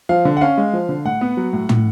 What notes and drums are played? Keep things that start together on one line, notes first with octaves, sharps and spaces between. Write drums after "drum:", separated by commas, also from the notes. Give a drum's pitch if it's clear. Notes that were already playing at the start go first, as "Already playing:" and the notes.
F3 F5
D3
F#5
C#4 F5
G#3
F3
D3
A2 F#5
B3
F#3
A2
A2, drum: tom